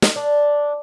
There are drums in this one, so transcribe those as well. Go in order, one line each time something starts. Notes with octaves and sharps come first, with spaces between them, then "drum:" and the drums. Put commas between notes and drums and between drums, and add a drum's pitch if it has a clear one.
drum: snare
D4